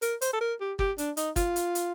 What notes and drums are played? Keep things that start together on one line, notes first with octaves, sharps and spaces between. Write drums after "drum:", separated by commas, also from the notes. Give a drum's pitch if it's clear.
A#4, drum: hi-hat
C5, drum: hi-hat
A4
A#4
G4
G4, drum: kick
D4, drum: hi-hat
D#4, drum: hi-hat
F4, drum: kick, hi-hat
drum: hi-hat
drum: hi-hat